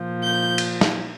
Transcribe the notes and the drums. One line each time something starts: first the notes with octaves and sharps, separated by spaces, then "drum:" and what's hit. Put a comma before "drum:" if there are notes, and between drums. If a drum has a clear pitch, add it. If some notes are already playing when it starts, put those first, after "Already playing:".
Already playing: A#2 F3
G6
drum: cymbal
drum: snare